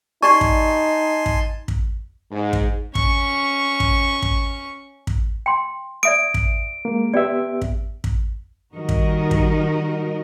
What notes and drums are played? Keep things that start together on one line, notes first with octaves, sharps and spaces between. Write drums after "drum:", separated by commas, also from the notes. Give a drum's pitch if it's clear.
D#4 G4 D5 G#5 A5 C6 C#6
drum: kick
drum: kick
drum: kick
G#2
drum: kick
C#4 C#6, drum: kick
drum: kick
drum: kick
drum: kick
G5 C6
D5 E5 D#6 D7
drum: kick
G#3 A#3
B3 G4 D5 E5
drum: kick
drum: kick
D#3 G3 D#4 F#4 A#4 D#5
drum: kick
drum: kick